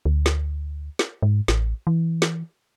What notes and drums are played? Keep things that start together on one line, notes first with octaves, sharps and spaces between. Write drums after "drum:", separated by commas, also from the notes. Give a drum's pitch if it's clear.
D2
drum: snare
drum: snare
G#2
A1, drum: snare
E3
drum: snare